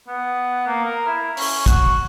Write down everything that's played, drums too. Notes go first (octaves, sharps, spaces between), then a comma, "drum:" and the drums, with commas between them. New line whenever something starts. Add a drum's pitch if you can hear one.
B3
A#3
A#4
E4
C#4, drum: open hi-hat
F#4, drum: kick, hi-hat